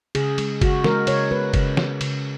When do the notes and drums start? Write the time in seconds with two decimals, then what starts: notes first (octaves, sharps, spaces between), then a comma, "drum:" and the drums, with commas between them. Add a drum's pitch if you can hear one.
0.15 C#3 G#4, drum: cymbal
0.38 G#3, drum: cymbal
0.61 C#3 F#4, drum: kick F#1, cymbal
0.84 G#3 A#4, drum: snare
1.07 C#3 C#5, drum: cymbal
1.31 G#3 B4
1.54 C#3, drum: kick F#1, cymbal
1.77 G#3, drum: snare
2.01 C#3, drum: cymbal